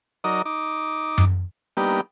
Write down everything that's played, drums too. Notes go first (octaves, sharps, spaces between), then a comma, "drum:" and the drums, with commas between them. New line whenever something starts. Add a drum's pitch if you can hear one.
F#3 D#4 A#4 D5 D#5
D#4 D6
drum: tom F#2
G3 A#3 B3 D4 D#4 G4